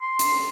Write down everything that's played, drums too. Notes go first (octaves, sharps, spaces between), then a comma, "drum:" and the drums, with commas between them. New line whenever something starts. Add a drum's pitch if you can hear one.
C6
drum: hi-hat